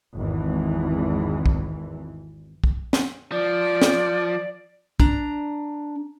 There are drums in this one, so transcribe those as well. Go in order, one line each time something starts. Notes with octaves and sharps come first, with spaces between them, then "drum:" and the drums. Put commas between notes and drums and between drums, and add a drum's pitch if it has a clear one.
G#1 E2 E3
drum: kick
drum: kick
drum: snare
F3 D5
drum: snare
D4 A#5, drum: kick